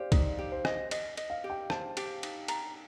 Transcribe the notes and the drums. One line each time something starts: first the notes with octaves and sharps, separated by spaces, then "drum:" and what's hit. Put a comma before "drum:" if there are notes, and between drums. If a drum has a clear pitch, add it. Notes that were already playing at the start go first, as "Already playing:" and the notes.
Already playing: G4 C5 D5 F5
D#4 D5, drum: kick, cymbal
G4
C5
D#5, drum: rim click
D#5, drum: cymbal
D#5, drum: cymbal
F5
G4
G5
C5 A5, drum: rim click
G4, drum: cymbal
D#4, drum: cymbal
A#5, drum: cymbal